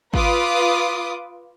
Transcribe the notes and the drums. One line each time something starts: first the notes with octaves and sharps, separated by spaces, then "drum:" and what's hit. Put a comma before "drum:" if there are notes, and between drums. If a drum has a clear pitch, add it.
F4 B4 D6 D#6, drum: kick G#1